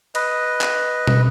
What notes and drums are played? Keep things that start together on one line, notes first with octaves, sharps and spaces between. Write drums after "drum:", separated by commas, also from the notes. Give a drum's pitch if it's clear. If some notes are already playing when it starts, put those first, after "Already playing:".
B4 D#5, drum: cymbal
drum: clap
drum: tom